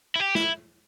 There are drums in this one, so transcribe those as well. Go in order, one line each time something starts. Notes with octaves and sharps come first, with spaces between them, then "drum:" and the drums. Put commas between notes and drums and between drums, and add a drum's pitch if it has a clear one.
E4
G4
E4, drum: snare